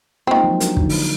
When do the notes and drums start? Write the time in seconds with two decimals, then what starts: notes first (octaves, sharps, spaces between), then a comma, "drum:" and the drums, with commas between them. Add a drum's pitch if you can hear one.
0.27 D#3 G#3 A#3 C4 F4
0.43 F3 F#3
0.60 D4 F#4 A#4, drum: hi-hat
0.77 D3 F3 D#4, drum: kick
0.89 drum: open hi-hat